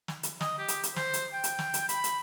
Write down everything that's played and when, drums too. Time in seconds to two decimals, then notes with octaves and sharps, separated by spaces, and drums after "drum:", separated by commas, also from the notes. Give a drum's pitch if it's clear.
0.08 drum: snare
0.23 drum: hi-hat
0.41 D#5, drum: snare
0.58 G4
0.68 drum: hi-hat
0.83 drum: hi-hat
0.96 C5, drum: snare
1.13 drum: hi-hat
1.33 G5
1.44 drum: hi-hat
1.59 drum: snare
1.74 drum: hi-hat
1.89 B5, drum: hi-hat
2.04 drum: hi-hat